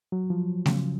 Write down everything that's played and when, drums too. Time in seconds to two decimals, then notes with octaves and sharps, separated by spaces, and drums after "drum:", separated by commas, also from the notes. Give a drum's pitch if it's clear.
0.12 F#3
0.30 F3
0.66 C#3, drum: snare A3